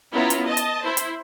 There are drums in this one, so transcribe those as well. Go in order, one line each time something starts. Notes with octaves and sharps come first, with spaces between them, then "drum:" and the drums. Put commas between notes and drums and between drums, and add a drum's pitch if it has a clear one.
B3 C#4 E4 F4 A#5
drum: hi-hat
D#5 A5
drum: hi-hat
E4 C5
drum: hi-hat